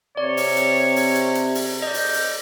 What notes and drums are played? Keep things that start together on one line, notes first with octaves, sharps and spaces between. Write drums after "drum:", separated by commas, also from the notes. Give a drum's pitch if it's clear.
C3 C#5 D5
drum: open hi-hat
drum: hi-hat
drum: open hi-hat
drum: hi-hat
drum: hi-hat
drum: open hi-hat
D5 D#5 G6
drum: open hi-hat
drum: open hi-hat